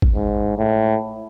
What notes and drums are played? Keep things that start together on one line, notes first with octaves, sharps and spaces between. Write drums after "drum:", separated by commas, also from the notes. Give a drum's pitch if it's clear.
drum: kick G#1
G#2
A2